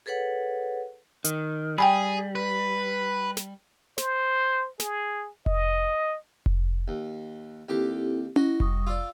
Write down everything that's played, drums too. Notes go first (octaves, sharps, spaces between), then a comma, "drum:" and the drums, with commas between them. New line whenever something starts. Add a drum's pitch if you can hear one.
G#4 A4 B4 C#5 F#5
D#3, drum: hi-hat
G3 G#4 G5 G#5 B5
B4
drum: snare
C5, drum: snare
G#4, drum: snare
D#5, drum: kick F1
drum: kick F1
D#2
D#2 C4 E4 G4 A4 D6
E4 F#4 D#5, drum: tom C#4
G3 C#6 D#6, drum: kick F1
F4 D5 E6